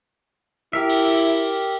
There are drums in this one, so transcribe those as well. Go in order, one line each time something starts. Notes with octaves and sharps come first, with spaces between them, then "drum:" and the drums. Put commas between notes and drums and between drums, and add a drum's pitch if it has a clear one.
E4 G4 A#4 E5
drum: cymbal
drum: cymbal